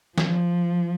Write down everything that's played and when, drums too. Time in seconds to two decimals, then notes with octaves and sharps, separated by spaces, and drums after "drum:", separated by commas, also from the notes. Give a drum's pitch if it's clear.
0.18 F3, drum: snare E3